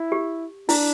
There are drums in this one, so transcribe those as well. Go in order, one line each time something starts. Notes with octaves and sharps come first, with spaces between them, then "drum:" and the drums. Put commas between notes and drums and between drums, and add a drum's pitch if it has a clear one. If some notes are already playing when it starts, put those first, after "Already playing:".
Already playing: E4
G4
D4 E4, drum: open hi-hat